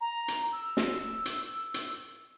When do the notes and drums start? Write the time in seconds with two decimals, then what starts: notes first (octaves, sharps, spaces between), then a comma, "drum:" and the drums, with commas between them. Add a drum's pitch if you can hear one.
0.01 A#5
0.28 drum: hi-hat
0.52 E6
0.77 drum: snare
1.25 drum: hi-hat
1.74 drum: hi-hat